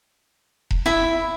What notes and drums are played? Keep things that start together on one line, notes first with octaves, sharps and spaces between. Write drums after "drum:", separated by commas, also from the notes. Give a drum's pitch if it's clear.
drum: kick E1
E4 E5